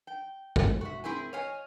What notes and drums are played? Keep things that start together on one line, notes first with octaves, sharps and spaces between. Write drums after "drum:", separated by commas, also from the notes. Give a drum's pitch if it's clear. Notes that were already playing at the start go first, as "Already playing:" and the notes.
G5
drum: kick
F#4 E5
C4 E4 G#4 A#4 G#5
C#5 D#5 F5 G#5